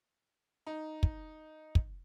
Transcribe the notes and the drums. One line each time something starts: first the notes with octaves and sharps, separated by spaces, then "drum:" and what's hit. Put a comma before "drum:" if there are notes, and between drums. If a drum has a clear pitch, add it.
D#4
drum: kick
drum: kick